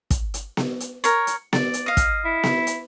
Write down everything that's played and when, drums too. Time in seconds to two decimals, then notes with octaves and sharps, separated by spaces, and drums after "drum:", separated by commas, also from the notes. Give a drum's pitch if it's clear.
0.11 drum: kick, hi-hat
0.34 drum: hi-hat
0.57 drum: snare B3
0.80 drum: hi-hat
1.04 A#4 C#5, drum: hi-hat
1.27 drum: hi-hat
1.53 D5, drum: snare B3
1.74 drum: hi-hat
1.86 D#5 F5
1.97 drum: kick, hi-hat
2.25 E4
2.43 drum: snare B3
2.67 drum: hi-hat